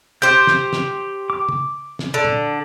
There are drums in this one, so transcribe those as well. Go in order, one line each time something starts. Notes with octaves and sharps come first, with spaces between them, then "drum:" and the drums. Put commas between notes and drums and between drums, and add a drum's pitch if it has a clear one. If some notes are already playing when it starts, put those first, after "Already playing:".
G4 C5 G6
drum: snare
drum: snare
D6
drum: tom
drum: snare
D3
drum: tom